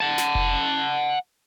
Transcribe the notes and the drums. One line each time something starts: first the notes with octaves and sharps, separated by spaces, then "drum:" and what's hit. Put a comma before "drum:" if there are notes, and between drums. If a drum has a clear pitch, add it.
F#5 A5
drum: snare
drum: kick F1